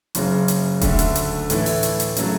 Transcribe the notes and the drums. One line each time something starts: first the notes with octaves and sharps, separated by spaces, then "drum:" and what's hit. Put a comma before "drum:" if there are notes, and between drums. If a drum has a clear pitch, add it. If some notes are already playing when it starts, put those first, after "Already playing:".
F#1 F#2 C#3, drum: hi-hat
drum: hi-hat
D2 D3 A3, drum: kick D#1, hi-hat
drum: hi-hat
drum: hi-hat
A2 E3 A3 E4, drum: hi-hat
drum: open hi-hat
drum: hi-hat
drum: hi-hat
C#3 F#3 A3, drum: hi-hat